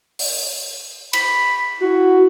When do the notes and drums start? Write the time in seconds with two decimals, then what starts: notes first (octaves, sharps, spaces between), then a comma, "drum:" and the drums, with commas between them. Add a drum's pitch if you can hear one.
0.19 drum: open hi-hat
1.13 B5, drum: cymbal
1.80 E4 F#4